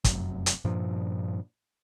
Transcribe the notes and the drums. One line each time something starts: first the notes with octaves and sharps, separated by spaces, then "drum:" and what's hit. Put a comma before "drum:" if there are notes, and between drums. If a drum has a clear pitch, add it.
F1 F#2, drum: kick, hi-hat
drum: hi-hat
G2 A#2 F3